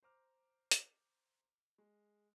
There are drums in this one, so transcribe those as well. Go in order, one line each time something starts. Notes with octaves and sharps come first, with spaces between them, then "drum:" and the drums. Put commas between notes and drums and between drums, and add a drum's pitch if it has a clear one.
C5 A#5 D6 F6
drum: hi-hat
G#3